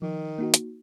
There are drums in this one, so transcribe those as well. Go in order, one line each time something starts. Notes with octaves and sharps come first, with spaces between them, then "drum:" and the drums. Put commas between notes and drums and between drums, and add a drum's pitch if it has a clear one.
D#3 F3
A#3 D#4 F#4
drum: hi-hat